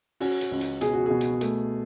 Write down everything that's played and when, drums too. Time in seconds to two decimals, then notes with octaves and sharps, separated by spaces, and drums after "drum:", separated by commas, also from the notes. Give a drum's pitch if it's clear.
0.20 C#4 F#4, drum: open hi-hat
0.41 drum: hi-hat
0.52 C#2
0.61 drum: hi-hat
0.81 B2 G#4, drum: hi-hat
0.93 F#4
1.06 B2 G#4
1.21 drum: hi-hat
1.41 A3, drum: hi-hat